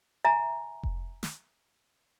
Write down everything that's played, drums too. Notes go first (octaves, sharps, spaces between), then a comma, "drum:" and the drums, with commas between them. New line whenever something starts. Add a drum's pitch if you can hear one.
E5 G#5 A#5
drum: kick F1
drum: snare